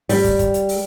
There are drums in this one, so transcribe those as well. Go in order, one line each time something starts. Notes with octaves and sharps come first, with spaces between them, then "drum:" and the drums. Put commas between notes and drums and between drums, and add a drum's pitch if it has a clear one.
G3, drum: open hi-hat
drum: kick, hi-hat
drum: kick, hi-hat
drum: hi-hat
drum: open hi-hat